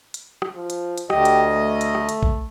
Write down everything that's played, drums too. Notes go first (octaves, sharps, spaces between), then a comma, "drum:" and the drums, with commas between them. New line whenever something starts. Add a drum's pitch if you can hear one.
drum: hi-hat
drum: rim click
F3
drum: hi-hat
drum: hi-hat
D2 G4 D#5, drum: rim click
drum: hi-hat
A3
drum: hi-hat
drum: rim click
drum: hi-hat
drum: kick